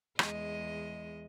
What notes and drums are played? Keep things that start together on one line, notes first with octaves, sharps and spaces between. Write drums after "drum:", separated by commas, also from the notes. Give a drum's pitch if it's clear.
E2 G#3 D#5, drum: rim click